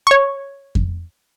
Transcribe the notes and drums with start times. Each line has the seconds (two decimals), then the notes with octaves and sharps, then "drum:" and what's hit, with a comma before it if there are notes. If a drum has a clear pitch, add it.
0.07 C#5 C#6
0.75 drum: kick F2